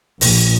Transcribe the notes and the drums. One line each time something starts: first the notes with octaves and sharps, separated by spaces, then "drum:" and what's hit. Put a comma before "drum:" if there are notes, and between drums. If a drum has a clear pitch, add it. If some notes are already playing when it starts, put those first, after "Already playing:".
A#1, drum: open hi-hat